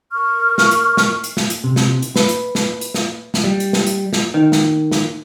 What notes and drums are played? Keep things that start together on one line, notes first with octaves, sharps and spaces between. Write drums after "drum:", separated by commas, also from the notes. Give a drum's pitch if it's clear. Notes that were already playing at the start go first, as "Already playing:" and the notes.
A#4 C#6 F6
drum: snare
drum: hi-hat
drum: snare
drum: hi-hat
drum: snare
drum: hi-hat
C3
drum: snare
drum: hi-hat
B4, drum: snare
drum: hi-hat
drum: snare
drum: hi-hat
drum: snare
drum: snare
G3
drum: hi-hat
drum: snare
drum: hi-hat
drum: snare
D#3
drum: snare
drum: snare